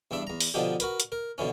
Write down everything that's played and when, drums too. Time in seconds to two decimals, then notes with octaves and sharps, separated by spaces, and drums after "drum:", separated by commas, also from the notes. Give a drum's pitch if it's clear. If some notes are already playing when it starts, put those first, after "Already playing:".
0.11 E2 G2 D4 E5
0.27 E2 A#5
0.41 drum: open hi-hat
0.54 B2 D3 F3 D4 D#4 G4
0.80 F#4 A#4 B4, drum: hi-hat
1.00 drum: hi-hat
1.12 A#4
1.38 B2 D3 E3 C#4